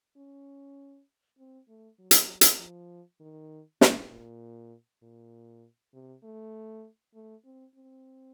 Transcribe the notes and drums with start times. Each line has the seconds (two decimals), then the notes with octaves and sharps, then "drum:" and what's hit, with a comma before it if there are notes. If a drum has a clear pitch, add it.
0.17 C#4
1.38 C4
1.68 A3
1.99 F#3
2.11 drum: hi-hat
2.41 drum: hi-hat
2.60 F3
3.20 D#3
3.81 A2, drum: snare
4.11 A#2
5.03 A#2
5.94 C3
6.24 A3
7.14 A3
7.45 C4
7.75 C4